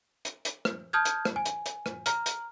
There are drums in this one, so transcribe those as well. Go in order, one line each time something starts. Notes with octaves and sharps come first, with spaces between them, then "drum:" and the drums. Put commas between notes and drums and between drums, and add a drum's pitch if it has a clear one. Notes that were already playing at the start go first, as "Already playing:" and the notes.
drum: hi-hat
drum: hi-hat
drum: rim click
A5 D#6 F6 G6 G#6
drum: hi-hat
drum: rim click
G#5
drum: hi-hat
drum: hi-hat
drum: rim click
A#5 F6, drum: hi-hat
drum: hi-hat